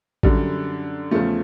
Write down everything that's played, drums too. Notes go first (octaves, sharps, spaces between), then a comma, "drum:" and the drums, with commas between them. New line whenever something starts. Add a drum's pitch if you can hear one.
F#2 D3 G3, drum: kick A1
E2 C#3 F3 A3